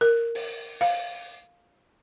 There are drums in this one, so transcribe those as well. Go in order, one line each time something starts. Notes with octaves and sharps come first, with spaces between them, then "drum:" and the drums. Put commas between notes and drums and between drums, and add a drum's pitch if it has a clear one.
A#4
drum: open hi-hat
F5, drum: open hi-hat